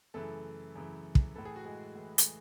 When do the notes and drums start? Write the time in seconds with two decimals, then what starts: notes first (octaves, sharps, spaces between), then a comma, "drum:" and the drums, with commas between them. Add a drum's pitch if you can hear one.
0.14 F#2 C#3 E3 A3 A4
0.75 F#2 C#3 E3
1.15 drum: kick
1.35 A2 E3 A4
1.45 G#4
1.56 F#4
1.65 G#3 G#4
1.95 A2 E3
2.18 drum: hi-hat